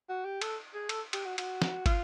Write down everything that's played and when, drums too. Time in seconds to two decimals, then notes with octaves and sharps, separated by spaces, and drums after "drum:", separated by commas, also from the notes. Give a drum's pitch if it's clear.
0.09 F#4
0.24 G4
0.41 A4, drum: cymbal
0.74 G#4
0.89 A4, drum: cymbal
1.13 G4, drum: cymbal
1.25 F#4
1.38 F#4, drum: cymbal
1.62 drum: snare
1.86 F4, drum: kick, cymbal